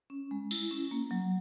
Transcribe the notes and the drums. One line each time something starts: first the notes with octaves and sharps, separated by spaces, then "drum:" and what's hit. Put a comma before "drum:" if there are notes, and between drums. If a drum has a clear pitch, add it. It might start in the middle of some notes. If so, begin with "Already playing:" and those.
C#4
G#3
E4, drum: tambourine
C#4
A#3
F#3